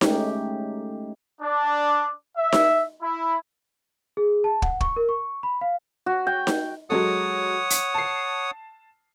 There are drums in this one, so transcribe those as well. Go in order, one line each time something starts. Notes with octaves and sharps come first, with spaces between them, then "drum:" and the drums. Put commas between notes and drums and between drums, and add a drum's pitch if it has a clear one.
G#3 A3 C#4 D#4 G4, drum: snare D#4
D4
E5
drum: snare D#4
E4
G#4
A5
F#5, drum: kick
C#6, drum: kick
A#4
C#6
B5
F5
F#4
G5
drum: snare D#4
F#3 G#3 A4 C#5 F#5 D#6
drum: hi-hat
A5 C7